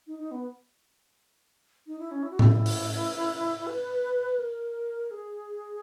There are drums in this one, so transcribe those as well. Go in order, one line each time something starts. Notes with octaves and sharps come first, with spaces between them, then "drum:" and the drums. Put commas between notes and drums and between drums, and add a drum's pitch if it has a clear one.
D#4
D#4
B3
D#4
E4
C#4
E4
F#4
E4, drum: tom A2
drum: open hi-hat
B4
A#4
G#4